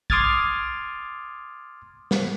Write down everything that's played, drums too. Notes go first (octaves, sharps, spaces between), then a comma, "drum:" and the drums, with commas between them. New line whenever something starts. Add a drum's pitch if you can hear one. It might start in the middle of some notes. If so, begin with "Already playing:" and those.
C6 D6 D#6 F6 G#6 A6, drum: kick
drum: snare